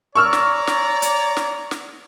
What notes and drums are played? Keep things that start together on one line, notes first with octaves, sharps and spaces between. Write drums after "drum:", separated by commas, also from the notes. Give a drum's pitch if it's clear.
C#5 D5 A#5 C#6 E6 F6
drum: snare
drum: snare
drum: hi-hat
drum: snare
drum: snare